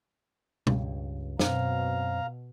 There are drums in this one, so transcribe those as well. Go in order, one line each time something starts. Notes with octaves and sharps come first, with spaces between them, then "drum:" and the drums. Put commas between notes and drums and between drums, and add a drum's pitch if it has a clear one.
C#2 G2, drum: tom B2
F#2 B2 C4 F5 A#5, drum: snare